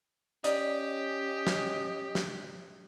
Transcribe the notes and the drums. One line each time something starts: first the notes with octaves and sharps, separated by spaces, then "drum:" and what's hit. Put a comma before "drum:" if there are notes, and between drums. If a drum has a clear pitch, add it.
C#4 G4 D5 D#5, drum: hi-hat
drum: snare
drum: snare